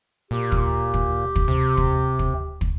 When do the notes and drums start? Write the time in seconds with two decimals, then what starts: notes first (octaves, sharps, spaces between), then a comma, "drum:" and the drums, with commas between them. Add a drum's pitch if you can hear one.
0.31 A#2 G4
0.52 drum: kick
0.94 drum: kick
1.36 drum: kick
1.48 C3
1.77 drum: kick
2.19 drum: kick
2.61 drum: kick